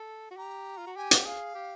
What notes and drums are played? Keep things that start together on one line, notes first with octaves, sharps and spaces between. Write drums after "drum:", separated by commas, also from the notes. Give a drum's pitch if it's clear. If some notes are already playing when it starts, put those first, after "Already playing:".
Already playing: A4
F#4
G4 A#5
F4
F#4
G4 G#5
F#5, drum: hi-hat
G#4 F5
G4